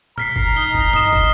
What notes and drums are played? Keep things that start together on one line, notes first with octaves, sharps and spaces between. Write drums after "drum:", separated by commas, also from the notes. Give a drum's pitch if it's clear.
A#5 F6 B6 C7, drum: tom B2
drum: kick
D#4 G7
drum: kick
D#5 E7 G7, drum: tom
drum: kick